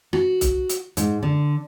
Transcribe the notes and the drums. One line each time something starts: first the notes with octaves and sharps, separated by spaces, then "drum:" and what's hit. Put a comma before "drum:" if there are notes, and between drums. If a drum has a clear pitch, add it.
F#4, drum: rim click
drum: kick C2, hi-hat
drum: hi-hat
G#2, drum: hi-hat
D3